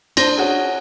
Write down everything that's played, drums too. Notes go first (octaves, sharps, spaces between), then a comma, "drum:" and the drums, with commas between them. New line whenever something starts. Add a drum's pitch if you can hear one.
C4 D4 C5 A#6, drum: cymbal
C#4 F#4 G#4